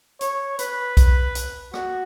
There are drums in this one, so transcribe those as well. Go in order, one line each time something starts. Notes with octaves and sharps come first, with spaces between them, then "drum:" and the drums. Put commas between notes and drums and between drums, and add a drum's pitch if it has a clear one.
C#5, drum: hi-hat
B4, drum: hi-hat
drum: kick B1, hi-hat
drum: hi-hat
F#4, drum: rim click